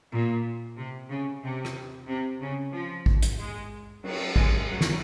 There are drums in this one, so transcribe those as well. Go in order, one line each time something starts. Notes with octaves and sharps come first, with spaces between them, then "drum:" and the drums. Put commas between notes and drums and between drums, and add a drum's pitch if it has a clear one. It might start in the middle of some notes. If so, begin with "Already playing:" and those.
A#2
C3
C#3
C3
drum: rim click
C3
C#3
F3
drum: kick A1
drum: hi-hat
G#3
F#3, drum: cymbal
G#3, drum: kick A1
F#3
drum: snare